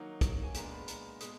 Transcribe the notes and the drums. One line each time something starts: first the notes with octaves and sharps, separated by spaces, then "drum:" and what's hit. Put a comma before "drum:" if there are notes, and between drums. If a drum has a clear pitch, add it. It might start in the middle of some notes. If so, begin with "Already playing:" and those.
Already playing: D#3 F#3 A#3 D#4 F#5
drum: kick, hi-hat
G#5
A#2 G#3 B3 D4 A#5, drum: hi-hat
B5
A#5, drum: hi-hat
B2 G#3 D#6, drum: hi-hat